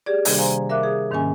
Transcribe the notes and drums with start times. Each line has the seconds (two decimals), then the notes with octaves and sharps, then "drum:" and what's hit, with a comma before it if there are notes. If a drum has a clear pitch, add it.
0.06 G4 G#4 D5
0.25 C3 D#3 G3 A#3 D4 G#6, drum: open hi-hat
0.37 C5 F5 G#5 A#5 C6
0.69 A#4 E5 F5 D6 F#6
0.83 G#4 D#6
1.11 G#2 D#3 A#3 C#4 G#5